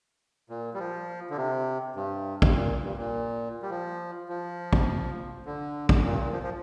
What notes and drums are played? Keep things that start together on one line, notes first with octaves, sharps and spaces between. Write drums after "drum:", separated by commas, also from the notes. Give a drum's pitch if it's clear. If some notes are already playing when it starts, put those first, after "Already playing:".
A#2
G3
F3
D3
C3
G2
G2, drum: kick
A#2
G2
A#2
G3
F3
F3
drum: kick
D3
drum: kick
A#2
G2
A#2
F3
F3